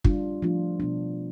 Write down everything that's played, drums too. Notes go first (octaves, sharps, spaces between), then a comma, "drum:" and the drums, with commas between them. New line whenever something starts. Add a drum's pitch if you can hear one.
G3 D4 F4, drum: kick
F3 A3 D4 F4
B2 B3 D4